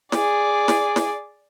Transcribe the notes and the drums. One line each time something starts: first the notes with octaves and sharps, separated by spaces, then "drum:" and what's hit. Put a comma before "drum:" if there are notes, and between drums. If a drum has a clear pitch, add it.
G#4 D5, drum: snare
drum: snare
drum: snare